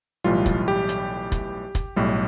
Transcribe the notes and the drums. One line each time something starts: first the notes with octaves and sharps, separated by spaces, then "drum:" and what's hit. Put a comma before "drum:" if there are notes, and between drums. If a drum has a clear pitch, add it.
B1 A2 E3 G3 F4
drum: kick, hi-hat
G4
drum: hi-hat
drum: kick, hi-hat
drum: kick, hi-hat
B1 A2 G3